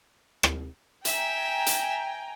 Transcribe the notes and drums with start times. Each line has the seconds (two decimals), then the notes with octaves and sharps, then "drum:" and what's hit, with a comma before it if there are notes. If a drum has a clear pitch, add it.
0.43 drum: rim click
1.05 E5 G5 G#5 A#5, drum: hi-hat
1.66 drum: hi-hat